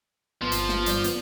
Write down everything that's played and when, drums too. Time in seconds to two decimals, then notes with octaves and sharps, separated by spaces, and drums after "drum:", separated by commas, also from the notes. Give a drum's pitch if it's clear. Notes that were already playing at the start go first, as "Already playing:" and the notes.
0.42 G1 F3 B3 C6
0.52 drum: hi-hat
0.69 drum: snare
0.86 G2 D5 G6, drum: hi-hat
1.04 B3, drum: hi-hat